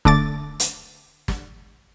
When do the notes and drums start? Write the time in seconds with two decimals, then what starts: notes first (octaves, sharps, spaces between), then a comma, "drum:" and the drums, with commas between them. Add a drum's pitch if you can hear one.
0.05 D3 A3 D6 A6, drum: kick
0.60 drum: hi-hat
1.28 drum: snare